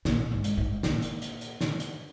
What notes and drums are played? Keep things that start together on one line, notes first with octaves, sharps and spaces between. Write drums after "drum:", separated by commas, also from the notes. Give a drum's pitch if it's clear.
A#2, drum: snare
G#2
drum: hi-hat
G#2
A#2, drum: snare
drum: hi-hat
drum: hi-hat
drum: hi-hat
drum: snare
drum: hi-hat